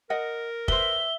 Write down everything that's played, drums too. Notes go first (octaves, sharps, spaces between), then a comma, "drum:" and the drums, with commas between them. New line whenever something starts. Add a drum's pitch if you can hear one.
A#4 D#5 F#5
B4 C5 E5 G7, drum: kick